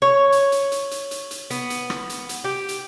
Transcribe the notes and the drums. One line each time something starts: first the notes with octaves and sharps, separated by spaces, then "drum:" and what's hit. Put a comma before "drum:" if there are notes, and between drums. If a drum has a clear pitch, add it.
C#5
drum: hi-hat
drum: hi-hat
drum: hi-hat
drum: hi-hat
drum: hi-hat
drum: hi-hat
B3, drum: hi-hat
drum: hi-hat
drum: rim click
drum: hi-hat
drum: hi-hat
G4
drum: hi-hat